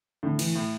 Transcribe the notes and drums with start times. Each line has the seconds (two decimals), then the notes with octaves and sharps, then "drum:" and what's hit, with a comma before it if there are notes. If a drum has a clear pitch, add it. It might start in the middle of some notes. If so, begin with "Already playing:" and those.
0.23 A2 D3
0.39 E3, drum: cymbal
0.56 A2